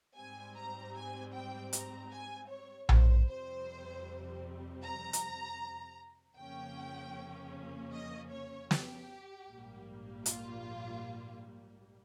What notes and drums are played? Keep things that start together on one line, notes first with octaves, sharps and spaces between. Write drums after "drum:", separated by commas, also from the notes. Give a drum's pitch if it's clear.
G#2 G3 C4 G#5
A#5
G#5
G5
A#5, drum: hi-hat
G#5
C#5
C5, drum: tom A#1
F2 C3 G3 C4 C5
A#5
drum: hi-hat
F2 C#3 F3 A#3 C#4 G5
D#5
C#5
G4, drum: snare
A#1 G#2 G3 A#3
F4, drum: hi-hat